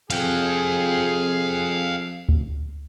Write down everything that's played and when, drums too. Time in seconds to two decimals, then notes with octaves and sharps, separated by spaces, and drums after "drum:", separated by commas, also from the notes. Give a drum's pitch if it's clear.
0.10 F2 C3 F4 G#4 F5 G5, drum: hi-hat
2.29 drum: kick C#2